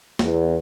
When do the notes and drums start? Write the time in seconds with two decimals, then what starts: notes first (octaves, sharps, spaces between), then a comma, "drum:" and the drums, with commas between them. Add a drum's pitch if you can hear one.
0.19 E2, drum: snare A#3